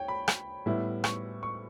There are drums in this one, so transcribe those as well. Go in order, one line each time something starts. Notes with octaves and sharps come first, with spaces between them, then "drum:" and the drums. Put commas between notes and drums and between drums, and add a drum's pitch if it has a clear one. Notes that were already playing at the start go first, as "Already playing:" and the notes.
Already playing: C#5 G5
B5
drum: rim click
A2 G3 B3 E4
C#6, drum: rim click
C#6